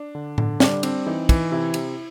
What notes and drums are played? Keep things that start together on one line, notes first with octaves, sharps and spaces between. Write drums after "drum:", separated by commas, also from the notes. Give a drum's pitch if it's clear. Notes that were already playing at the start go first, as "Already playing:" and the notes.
Already playing: D4
D3
D3, drum: tom A2
G3 D4, drum: snare
C4 D4, drum: cymbal
E3 D#4
E3, drum: kick, cymbal
C3 E4
C3, drum: cymbal